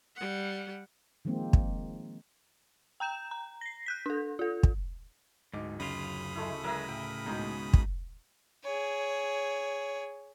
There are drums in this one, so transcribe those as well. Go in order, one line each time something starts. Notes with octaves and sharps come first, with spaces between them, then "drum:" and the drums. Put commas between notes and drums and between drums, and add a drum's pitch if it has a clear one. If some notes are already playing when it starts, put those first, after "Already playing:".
G3 F#5
D#3 F3 G#3 A#3 C4
drum: kick
G5 A#5 G6 E7
A#5
A#6 C7
F#6 G6 B6
D4 A4
F4 A4
drum: kick
D1 G#2 D#4 D6
F#2 C#3 F4 B5 D#6
G#3 A3 E4
F#3 G#3 A#4 E5
A2 G5
C#2 G#2 B2 D#4 G#4
drum: kick
G#4 C#5